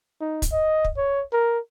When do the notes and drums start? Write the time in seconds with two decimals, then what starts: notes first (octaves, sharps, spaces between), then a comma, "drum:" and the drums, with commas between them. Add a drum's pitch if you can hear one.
0.21 D#4
0.42 drum: kick, hi-hat
0.52 D#5
0.85 drum: kick
0.97 C#5
1.33 A#4